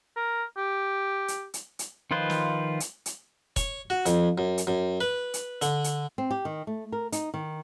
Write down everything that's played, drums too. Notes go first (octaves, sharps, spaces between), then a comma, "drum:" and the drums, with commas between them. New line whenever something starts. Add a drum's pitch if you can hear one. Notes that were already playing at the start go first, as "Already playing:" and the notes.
A#4
G4
drum: hi-hat
drum: hi-hat
drum: hi-hat
D#3 F3 F4 B4 C5
drum: snare
drum: hi-hat
drum: hi-hat
C#5, drum: kick F1, hi-hat
F#4
F2, drum: hi-hat
F#2
drum: hi-hat
F#2
B4
drum: hi-hat
D3, drum: hi-hat
drum: hi-hat
C4
G4
D#3
A3
A#4
D#4, drum: hi-hat
D#3